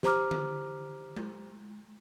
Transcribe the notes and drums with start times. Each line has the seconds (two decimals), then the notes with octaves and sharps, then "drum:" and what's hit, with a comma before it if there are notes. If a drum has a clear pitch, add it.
0.03 G4 C5 A#5 D6 F6, drum: snare
0.31 drum: tom D3
1.17 drum: tom G#3